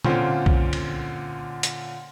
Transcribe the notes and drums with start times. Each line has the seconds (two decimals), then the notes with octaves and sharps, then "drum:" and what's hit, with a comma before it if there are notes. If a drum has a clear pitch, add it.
0.04 A#2 D3 C4 C#4 F4, drum: tom
0.46 drum: kick B1
0.73 drum: cymbal
1.63 drum: hi-hat